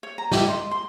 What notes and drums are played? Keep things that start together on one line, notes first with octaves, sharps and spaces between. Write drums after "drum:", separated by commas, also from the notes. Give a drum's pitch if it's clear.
C#5
A#5
D#5 E5 G5 D6, drum: snare
D#5 C6
C6